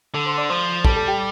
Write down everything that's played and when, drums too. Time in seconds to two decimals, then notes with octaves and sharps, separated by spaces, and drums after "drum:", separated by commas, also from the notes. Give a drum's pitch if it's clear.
0.14 D3 A4 A5
0.26 C5 C6
0.37 D5 D6
0.49 F3 C5 C6
0.85 G3 A4 A5, drum: kick
0.96 A4 A5
1.08 G4 G5